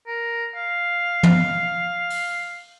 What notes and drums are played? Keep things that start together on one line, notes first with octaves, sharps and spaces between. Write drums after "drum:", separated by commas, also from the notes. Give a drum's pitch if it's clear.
A#4
F5
drum: tom
drum: open hi-hat